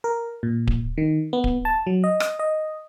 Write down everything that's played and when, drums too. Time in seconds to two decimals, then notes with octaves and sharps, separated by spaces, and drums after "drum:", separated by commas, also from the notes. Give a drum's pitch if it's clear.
0.04 A#4
0.43 A#2
0.67 drum: kick D1
0.98 D#3
1.33 B3
1.44 drum: kick D1
1.65 A5
1.87 F#3
2.04 D#5
2.20 drum: rim click
2.39 D#5